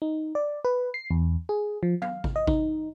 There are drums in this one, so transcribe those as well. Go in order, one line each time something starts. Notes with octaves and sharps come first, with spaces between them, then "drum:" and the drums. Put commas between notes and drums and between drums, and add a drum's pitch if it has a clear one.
D#4
D5
B4
C7
E2
G#4
F3
F5, drum: tom F#3
drum: kick G#1
D#5
D#4, drum: kick G#1